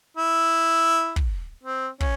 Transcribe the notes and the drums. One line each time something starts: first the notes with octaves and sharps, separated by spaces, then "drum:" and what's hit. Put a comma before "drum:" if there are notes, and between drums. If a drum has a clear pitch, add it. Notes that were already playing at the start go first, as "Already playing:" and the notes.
E4
drum: kick
C4
C#4, drum: kick